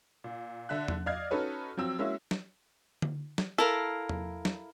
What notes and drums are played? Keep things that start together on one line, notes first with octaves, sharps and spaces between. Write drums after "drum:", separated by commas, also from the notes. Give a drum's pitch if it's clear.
A#2
D3 E5 F#6
drum: tom
D5 D#5 F5 F6 G#6
C#4 D#4 F#4 A4 B4 C#5
F3 F#3 C4 E6
G#3 A#3 C#4 E4 F#4 E5
drum: snare
drum: tom D3
drum: snare
E4 A4 A#4 F5
drum: tom
drum: snare